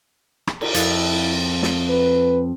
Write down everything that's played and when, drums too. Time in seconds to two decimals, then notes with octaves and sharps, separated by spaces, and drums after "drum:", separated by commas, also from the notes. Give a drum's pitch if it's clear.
0.47 drum: rim click
0.61 drum: cymbal
0.75 F2 E4, drum: hi-hat
1.63 drum: snare
1.89 B4